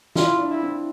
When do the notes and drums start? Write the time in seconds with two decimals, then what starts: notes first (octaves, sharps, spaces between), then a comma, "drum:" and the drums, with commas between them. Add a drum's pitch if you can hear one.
0.15 E4 F4, drum: snare
0.39 D4
0.51 E4
0.63 C4